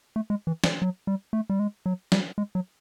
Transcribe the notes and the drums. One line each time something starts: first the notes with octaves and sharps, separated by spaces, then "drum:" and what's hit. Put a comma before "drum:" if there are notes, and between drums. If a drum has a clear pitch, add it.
A3
G#3
E3
F3, drum: snare
F#3
G3
A3
G3
G#3
F#3
G3, drum: snare
G#3
F#3